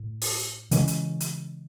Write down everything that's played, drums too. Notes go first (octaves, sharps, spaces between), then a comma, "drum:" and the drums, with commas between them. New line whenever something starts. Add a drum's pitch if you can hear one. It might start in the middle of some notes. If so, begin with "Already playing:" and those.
Already playing: A2
drum: open hi-hat
C#3 E3 G#3 C#4, drum: hi-hat
drum: hi-hat
drum: hi-hat